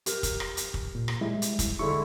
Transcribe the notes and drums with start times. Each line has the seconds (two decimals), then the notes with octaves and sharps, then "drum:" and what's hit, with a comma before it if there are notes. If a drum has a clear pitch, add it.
0.06 G4 A#4, drum: hi-hat
0.23 drum: kick, hi-hat
0.40 drum: rim click
0.57 drum: hi-hat
0.74 drum: kick
0.95 A#2
1.08 drum: rim click
1.21 G3 G#3 E4
1.42 drum: hi-hat
1.59 drum: kick, hi-hat
1.79 D3 G#3 E4 C#6